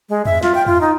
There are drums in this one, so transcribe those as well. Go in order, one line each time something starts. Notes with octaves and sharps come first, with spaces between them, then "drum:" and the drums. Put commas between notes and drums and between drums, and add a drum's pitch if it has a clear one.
G#3
E5, drum: tom E2
F4, drum: snare
G5
F4, drum: tom E2
D#4